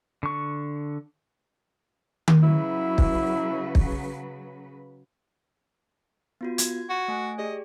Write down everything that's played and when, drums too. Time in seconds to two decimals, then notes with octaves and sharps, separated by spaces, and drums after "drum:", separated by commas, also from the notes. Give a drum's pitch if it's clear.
0.23 D3 C#6
2.28 drum: tom D#3
2.43 C#3 F#3 E4 B4
2.98 drum: kick
3.75 drum: kick
6.41 B3 F4 F#4
6.58 G#6, drum: hi-hat
6.89 F#4
7.08 A3 G#5
7.38 G4 G#4 D5 D#5